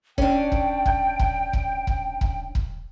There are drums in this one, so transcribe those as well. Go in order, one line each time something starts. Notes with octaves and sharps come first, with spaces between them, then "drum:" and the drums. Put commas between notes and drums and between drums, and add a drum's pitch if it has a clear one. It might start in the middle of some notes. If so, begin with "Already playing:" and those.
C#4 D4 G5, drum: kick
drum: kick
drum: kick
drum: kick
drum: kick
drum: kick
drum: kick
drum: kick